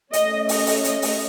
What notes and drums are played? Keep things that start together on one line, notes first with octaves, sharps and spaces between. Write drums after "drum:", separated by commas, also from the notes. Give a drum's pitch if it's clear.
A3 C#4 D#5, drum: hi-hat
D#5, drum: open hi-hat
drum: open hi-hat
D#5, drum: hi-hat
drum: open hi-hat